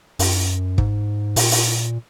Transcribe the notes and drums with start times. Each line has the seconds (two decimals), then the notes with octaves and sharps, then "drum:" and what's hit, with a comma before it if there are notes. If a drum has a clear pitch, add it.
0.19 F#2, drum: open hi-hat
0.78 G#2, drum: kick
1.36 A#2, drum: open hi-hat
1.51 drum: open hi-hat